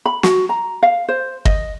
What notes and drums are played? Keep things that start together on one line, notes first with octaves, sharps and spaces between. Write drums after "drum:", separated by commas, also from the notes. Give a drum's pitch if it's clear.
B5
F#4, drum: snare
A#5
F5
C5
D#5, drum: kick